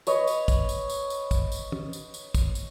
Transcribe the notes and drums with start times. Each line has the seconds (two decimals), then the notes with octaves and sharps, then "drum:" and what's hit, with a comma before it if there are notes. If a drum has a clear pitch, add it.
0.07 B4 C#5 D#5, drum: tambourine
0.27 drum: tambourine
0.48 drum: kick, tambourine
0.69 drum: tambourine
0.90 drum: tambourine
1.10 drum: tambourine
1.31 drum: kick, tambourine
1.52 drum: tambourine
1.72 drum: tom
1.93 drum: tambourine
2.14 drum: tambourine
2.35 drum: kick, tambourine
2.55 drum: tambourine